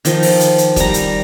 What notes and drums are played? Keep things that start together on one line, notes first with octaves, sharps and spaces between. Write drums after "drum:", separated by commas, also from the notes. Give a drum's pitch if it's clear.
D#3 F3, drum: hi-hat
drum: open hi-hat
drum: hi-hat
drum: hi-hat
G3 A#5, drum: kick, hi-hat
drum: hi-hat